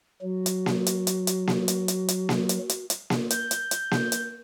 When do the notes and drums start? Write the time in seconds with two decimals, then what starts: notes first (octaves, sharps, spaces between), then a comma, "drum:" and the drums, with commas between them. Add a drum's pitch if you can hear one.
0.22 F#3 F#4
0.46 drum: hi-hat
0.66 drum: snare A#3
0.86 drum: hi-hat
1.07 drum: hi-hat
1.27 drum: hi-hat
1.47 drum: snare A#3
1.68 drum: hi-hat
1.88 drum: hi-hat
2.08 drum: hi-hat
2.29 drum: snare A#3
2.49 drum: hi-hat
2.69 drum: hi-hat
2.90 drum: hi-hat
3.10 drum: snare A#3
3.30 G6, drum: hi-hat
3.51 drum: hi-hat
3.71 drum: hi-hat
3.91 drum: snare A#3
4.12 drum: hi-hat